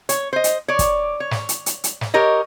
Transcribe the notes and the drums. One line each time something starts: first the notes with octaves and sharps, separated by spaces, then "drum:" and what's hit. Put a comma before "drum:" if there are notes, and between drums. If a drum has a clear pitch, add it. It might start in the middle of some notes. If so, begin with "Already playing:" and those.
C#5, drum: hi-hat
C5 D#5
drum: hi-hat
C#5 D5
drum: kick, hi-hat
C#5
drum: snare
drum: hi-hat
drum: hi-hat
drum: hi-hat
drum: snare
G4 A#4 C#5 D#5